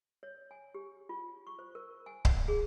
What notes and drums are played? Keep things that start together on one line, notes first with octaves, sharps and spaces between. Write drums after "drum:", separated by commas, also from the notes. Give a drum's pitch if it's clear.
C#5
G#5
G4
F4
C#6
C5
A#4
G#5
F#5, drum: kick C#1
G#4